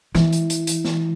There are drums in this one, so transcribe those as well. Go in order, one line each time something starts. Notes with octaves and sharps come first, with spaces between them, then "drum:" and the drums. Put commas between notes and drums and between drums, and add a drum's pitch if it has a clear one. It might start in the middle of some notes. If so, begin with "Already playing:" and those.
E3, drum: snare
drum: hi-hat
drum: hi-hat
drum: hi-hat
drum: snare